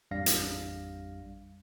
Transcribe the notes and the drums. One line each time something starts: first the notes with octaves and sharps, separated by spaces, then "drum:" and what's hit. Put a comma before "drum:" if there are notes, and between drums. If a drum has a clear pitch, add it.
A1 F2 G3 D4 F5 A#6
drum: hi-hat